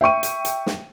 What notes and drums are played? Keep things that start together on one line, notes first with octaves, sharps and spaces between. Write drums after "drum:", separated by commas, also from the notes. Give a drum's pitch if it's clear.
E5 G5 C#6 D#7
drum: hi-hat
drum: hi-hat
drum: snare